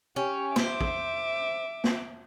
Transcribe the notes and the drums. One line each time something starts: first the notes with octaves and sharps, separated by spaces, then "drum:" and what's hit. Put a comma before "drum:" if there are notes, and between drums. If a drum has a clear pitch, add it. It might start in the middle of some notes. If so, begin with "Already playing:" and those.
C#4 G4
C5 E5 D6, drum: snare
drum: kick
drum: snare